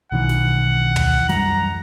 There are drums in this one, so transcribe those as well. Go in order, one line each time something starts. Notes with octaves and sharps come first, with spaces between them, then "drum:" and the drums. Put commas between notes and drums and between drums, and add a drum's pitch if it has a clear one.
B1 D#3 E3 F#5
drum: snare
drum: tom
F#2 E3 G3 A#5, drum: snare